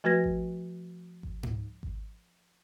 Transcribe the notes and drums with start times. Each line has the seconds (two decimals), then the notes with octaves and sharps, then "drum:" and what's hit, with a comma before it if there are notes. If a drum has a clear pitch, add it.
0.04 F3 A3 F#4 B4 G#6 A#6
0.24 drum: kick G#1
1.23 drum: kick G#1
1.43 drum: tom G#2
1.83 drum: kick G#1